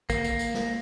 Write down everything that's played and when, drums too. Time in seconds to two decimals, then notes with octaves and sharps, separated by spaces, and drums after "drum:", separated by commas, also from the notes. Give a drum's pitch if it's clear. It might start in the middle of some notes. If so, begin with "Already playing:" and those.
0.10 A#3, drum: kick, tambourine
0.24 drum: tambourine
0.39 drum: tambourine
0.54 drum: snare